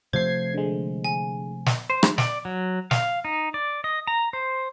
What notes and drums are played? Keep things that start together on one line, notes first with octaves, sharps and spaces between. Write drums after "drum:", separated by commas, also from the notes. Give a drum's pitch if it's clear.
C3 F3 A3 C5 G#6 C7
D3 G#3
G#5
drum: snare
C5
drum: rim click
D5, drum: snare
F#3
F5, drum: snare
D#4
D5
D#5
A#5
C5